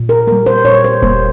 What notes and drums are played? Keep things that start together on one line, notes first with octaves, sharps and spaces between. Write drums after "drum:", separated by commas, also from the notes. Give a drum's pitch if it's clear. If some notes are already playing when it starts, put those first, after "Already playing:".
Already playing: A#2
A#4
G3 A#3 A#4
C5
A#2 C#5
C5
G3 A#3 C5, drum: kick E1